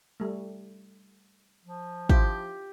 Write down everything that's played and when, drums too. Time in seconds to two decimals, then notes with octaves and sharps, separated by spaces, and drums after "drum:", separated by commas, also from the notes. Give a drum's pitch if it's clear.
0.20 G3 A3
1.65 F3
2.09 E4 F4 G4 C5, drum: kick